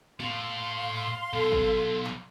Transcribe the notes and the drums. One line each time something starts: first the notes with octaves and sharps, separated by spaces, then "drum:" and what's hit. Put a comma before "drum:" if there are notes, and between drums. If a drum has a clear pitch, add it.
A2 F5 C6, drum: snare
B1 B2 A4
drum: kick
drum: clap